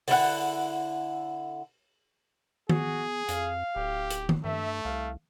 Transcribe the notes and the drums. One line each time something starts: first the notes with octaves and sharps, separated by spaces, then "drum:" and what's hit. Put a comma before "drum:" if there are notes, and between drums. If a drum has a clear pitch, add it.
D3 E4 G4 F#5, drum: open hi-hat
B3 F#4 G#4, drum: tom D#3
F2 F5, drum: hi-hat
D1 G4
drum: hi-hat
drum: tom D#3
G2 A3 E5
C2 F5